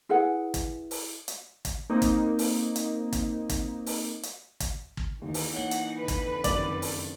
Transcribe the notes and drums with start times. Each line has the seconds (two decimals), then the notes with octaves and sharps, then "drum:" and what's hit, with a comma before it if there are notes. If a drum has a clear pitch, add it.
0.09 E4 G#4 B4 F#5
0.54 drum: kick, hi-hat
0.91 drum: open hi-hat
1.28 drum: hi-hat
1.65 drum: kick, hi-hat
1.90 A#3 C4 D#4
2.02 drum: kick, hi-hat
2.39 drum: open hi-hat
2.76 drum: hi-hat
3.13 drum: kick, hi-hat
3.49 drum: kick, hi-hat
3.86 drum: open hi-hat
4.23 drum: hi-hat
4.60 drum: kick, hi-hat
4.97 drum: kick
5.22 D#2 E3 D#4
5.34 drum: open hi-hat
5.53 A#3 C#5 F#5 G7
5.71 drum: hi-hat
5.97 F2 D3 B4
6.08 drum: kick, hi-hat
6.44 F#1 F#2 C3 D#3 D5 F#7, drum: kick, hi-hat
6.82 drum: open hi-hat